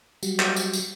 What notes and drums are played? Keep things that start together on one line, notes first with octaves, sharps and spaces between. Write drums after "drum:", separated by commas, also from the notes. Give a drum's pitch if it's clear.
F#3 G3, drum: tambourine
drum: clap
drum: tambourine
drum: tambourine